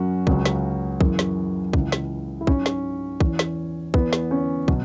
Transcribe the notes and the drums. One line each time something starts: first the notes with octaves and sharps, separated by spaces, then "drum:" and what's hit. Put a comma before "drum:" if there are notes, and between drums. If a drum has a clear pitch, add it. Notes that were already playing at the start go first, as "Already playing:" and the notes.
Already playing: F#2 F#3 C#4 F#4
C#2 C#3 F#3, drum: kick
drum: snare
F#2 C#3 E3, drum: kick
drum: snare
C#2 C#3 E3, drum: kick
drum: snare
E4
G#2 F#3 C#4, drum: kick
drum: snare
E2 E3, drum: kick
drum: snare
E2 E3 B3, drum: kick
drum: snare
C#4
B2 F#3, drum: kick